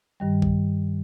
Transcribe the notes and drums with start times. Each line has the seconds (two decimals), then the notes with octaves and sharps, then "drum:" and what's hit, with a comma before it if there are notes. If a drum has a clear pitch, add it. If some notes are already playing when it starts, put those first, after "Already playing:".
0.20 G2 D#3 G3
0.42 drum: kick A#1